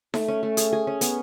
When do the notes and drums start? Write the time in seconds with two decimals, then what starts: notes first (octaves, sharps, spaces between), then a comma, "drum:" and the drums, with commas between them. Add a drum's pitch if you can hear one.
0.14 A3, drum: snare D#4
0.28 C#4
0.43 A3
0.57 G#4, drum: hi-hat
0.73 G#4
0.87 C#4
1.01 B3, drum: hi-hat